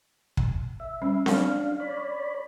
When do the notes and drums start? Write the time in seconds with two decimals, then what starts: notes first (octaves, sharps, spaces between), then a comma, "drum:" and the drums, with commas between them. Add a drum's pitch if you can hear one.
0.37 drum: kick
0.80 E5
1.02 G3 C#4
1.26 D4 F5, drum: snare C4
1.80 C#5 D5 B5